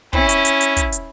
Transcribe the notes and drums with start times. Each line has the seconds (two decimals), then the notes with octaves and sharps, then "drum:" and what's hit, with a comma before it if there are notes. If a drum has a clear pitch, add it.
0.13 C#4 E4, drum: kick
0.29 drum: hi-hat
0.45 drum: hi-hat
0.61 drum: hi-hat
0.76 drum: kick, hi-hat
0.92 drum: hi-hat